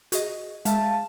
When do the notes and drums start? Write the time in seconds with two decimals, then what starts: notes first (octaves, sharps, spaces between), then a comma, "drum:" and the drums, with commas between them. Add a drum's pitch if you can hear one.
0.12 F#4 G#4 D#5, drum: hi-hat
0.65 G#3 E5 F5 A5, drum: hi-hat